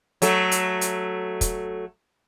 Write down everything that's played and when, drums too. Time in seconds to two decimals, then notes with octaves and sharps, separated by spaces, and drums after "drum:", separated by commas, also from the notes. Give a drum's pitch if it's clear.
0.22 F#3 A3 A4, drum: hi-hat
0.52 drum: hi-hat
0.81 drum: hi-hat
1.41 drum: kick, hi-hat